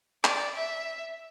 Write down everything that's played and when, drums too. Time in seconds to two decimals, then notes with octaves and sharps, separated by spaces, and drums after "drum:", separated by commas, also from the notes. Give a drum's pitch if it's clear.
0.24 D5, drum: clap
0.56 E5